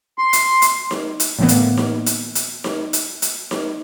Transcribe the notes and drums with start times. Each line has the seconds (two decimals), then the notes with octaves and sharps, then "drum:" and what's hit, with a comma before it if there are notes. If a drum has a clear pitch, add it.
0.18 C6
0.33 drum: hi-hat
0.62 drum: hi-hat
0.91 drum: snare D#4
1.20 drum: hi-hat
1.39 A2 D3 E3 A#3 B3
1.49 drum: hi-hat
1.77 drum: snare D#4
2.06 drum: hi-hat
2.35 drum: hi-hat
2.64 drum: snare D#4
2.93 drum: hi-hat
3.22 drum: hi-hat
3.51 drum: snare D#4